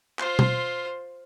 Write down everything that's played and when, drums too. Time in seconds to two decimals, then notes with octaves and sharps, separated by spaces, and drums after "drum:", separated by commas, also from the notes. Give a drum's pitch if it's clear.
0.19 F4 C5, drum: clap
0.39 drum: tom B2